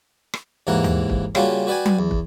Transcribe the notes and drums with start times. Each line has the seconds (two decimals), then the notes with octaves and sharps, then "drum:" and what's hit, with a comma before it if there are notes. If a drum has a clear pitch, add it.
0.34 drum: rim click
0.67 D#2 G#2 E3 A#3 A#4 F#5
0.84 drum: tom D#2
1.10 drum: kick
1.35 C#3 G3 A#3 C#4 F4 F#4, drum: rim click
1.67 F#4 B4 D5 G5 G#5
1.86 drum: tom F#3
1.99 E2
2.11 drum: kick